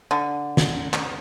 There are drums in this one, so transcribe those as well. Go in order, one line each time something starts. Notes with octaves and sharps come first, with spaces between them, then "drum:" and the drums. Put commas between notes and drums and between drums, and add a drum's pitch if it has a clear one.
D3
drum: snare
drum: clap